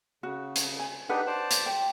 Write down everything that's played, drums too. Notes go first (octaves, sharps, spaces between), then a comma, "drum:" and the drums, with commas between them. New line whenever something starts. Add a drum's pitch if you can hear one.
C#3 F#4
drum: hi-hat
G#5
D4 D#4 G4 B4 F#5
C5 D5 A5
drum: hi-hat
G5